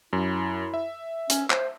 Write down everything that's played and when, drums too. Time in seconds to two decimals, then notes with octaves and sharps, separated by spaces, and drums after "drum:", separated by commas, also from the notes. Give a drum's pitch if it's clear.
0.13 F#2 E4
0.74 E5
1.30 C#4, drum: hi-hat
1.50 C5, drum: clap